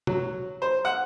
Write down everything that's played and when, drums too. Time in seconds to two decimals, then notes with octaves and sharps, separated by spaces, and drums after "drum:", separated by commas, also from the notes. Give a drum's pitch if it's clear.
0.07 F#3, drum: tom C3
0.62 C5
0.85 F#5